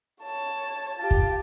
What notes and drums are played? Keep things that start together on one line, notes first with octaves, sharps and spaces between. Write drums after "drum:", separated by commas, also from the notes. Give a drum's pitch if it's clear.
C#5 A5
F4 G4 A5
drum: kick